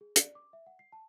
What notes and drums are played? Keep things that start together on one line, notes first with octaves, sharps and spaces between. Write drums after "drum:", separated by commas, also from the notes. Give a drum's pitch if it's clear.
G#4
D5, drum: hi-hat
D6
E5
F#5
C7
A5